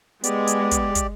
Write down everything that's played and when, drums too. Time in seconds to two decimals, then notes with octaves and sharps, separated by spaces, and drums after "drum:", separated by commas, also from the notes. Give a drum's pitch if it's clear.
0.24 G#3 B3 G4 D5, drum: hi-hat
0.48 drum: hi-hat
0.71 drum: kick, hi-hat
0.95 drum: kick, hi-hat